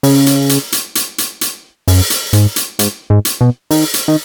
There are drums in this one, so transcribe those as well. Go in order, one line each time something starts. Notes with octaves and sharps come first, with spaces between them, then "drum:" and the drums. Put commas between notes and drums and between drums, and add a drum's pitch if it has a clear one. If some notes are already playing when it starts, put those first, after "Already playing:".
C#3, drum: open hi-hat
drum: hi-hat
drum: hi-hat
drum: hi-hat
drum: hi-hat
drum: hi-hat
drum: hi-hat
F#2, drum: open hi-hat
drum: hi-hat
G#2, drum: hi-hat
drum: hi-hat
G#2, drum: hi-hat
G#2
drum: hi-hat
B2
D#3, drum: open hi-hat
drum: hi-hat
D#3